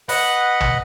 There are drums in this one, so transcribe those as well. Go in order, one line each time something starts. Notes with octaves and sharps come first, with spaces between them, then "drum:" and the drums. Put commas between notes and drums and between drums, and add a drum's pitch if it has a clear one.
B4 D#5 F#5 B5, drum: open hi-hat
drum: tom